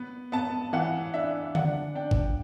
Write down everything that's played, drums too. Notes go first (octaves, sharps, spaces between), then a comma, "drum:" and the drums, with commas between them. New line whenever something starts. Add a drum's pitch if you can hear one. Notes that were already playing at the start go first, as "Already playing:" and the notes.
Already playing: B3
B3 A5
E3 F#5
D4 E5
D4 F#5, drum: tom D3
D4 G5
drum: kick G#1